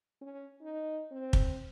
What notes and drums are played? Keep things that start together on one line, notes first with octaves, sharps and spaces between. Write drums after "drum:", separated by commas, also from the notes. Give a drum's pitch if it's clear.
C#4
D#4
C4
drum: kick